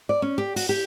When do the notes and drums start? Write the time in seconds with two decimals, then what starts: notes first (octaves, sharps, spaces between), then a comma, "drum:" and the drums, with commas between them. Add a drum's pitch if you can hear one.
0.09 D5
0.22 C#4
0.38 G4
0.56 F#4, drum: open hi-hat
0.69 G4